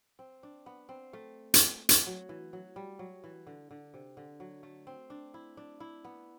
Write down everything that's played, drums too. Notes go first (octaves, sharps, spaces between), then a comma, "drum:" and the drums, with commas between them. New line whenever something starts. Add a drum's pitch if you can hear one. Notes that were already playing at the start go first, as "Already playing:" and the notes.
C4
D4
B3
C4
A3
drum: hi-hat
drum: hi-hat
F#3
E3
F#3
G3
F#3
E3
D3
D3
C3
D3
F#3
A3
C4
D4
E4
D4
E4
B3